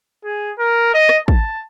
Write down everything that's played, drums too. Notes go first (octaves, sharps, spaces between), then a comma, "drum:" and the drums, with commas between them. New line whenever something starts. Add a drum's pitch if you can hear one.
G#4
A#4
D#5
drum: rim click
A5, drum: kick